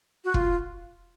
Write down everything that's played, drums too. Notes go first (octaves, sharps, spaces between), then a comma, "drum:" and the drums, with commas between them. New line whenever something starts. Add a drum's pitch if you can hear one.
F#4
F4, drum: kick